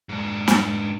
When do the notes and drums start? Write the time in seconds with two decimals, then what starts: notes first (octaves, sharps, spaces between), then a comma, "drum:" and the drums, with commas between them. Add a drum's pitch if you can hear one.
0.09 G#2 D4
0.48 drum: snare